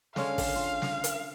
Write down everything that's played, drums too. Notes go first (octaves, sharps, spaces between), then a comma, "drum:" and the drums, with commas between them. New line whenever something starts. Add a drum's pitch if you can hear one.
D3 G#3 C#4 F5, drum: snare
drum: kick, open hi-hat
F4
drum: snare
drum: hi-hat